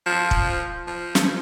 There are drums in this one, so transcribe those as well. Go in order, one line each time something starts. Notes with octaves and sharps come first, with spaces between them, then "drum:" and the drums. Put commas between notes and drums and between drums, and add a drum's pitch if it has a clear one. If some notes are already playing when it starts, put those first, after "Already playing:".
F3
drum: kick
F3
drum: snare